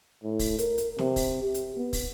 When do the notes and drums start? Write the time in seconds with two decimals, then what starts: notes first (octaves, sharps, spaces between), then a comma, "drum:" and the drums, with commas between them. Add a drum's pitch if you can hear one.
0.24 A2
0.39 drum: kick, open hi-hat
0.58 A#4, drum: hi-hat
0.78 drum: hi-hat
0.99 C3, drum: snare
1.16 drum: kick, open hi-hat
1.42 G4
1.54 drum: hi-hat
1.77 B3
1.93 drum: kick, open hi-hat